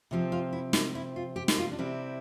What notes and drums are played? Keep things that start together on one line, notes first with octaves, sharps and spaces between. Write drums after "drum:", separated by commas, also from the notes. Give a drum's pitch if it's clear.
C3 F3 C4
F4
E4
E4, drum: snare
E4
F4
G4
drum: snare
F4
D4
C3 G3 C4 E4